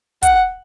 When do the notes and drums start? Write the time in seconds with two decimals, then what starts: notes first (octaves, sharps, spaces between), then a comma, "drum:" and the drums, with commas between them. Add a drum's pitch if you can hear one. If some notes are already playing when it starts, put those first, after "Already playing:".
0.23 F#5, drum: kick, hi-hat